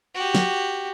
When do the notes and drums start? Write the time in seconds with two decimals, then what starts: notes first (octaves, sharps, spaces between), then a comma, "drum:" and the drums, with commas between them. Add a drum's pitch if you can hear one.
0.15 F#4 G4
0.35 drum: snare